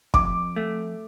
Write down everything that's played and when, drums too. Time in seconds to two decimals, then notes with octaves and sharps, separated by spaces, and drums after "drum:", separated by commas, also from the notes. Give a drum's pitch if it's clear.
0.14 F2 D6, drum: kick
0.56 A3